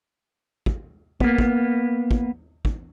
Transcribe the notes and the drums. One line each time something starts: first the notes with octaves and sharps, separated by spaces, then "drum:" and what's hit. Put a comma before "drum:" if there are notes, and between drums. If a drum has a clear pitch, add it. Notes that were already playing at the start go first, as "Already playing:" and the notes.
drum: kick
A#3 B3, drum: kick
drum: kick
drum: kick
drum: kick